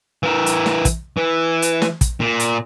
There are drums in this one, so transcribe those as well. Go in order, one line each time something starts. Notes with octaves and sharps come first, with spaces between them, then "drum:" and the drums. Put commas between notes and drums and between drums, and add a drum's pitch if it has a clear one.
E3 A#4
drum: hi-hat
drum: snare
drum: kick, hi-hat
E3
drum: hi-hat
drum: snare
drum: kick, hi-hat
A#2
drum: hi-hat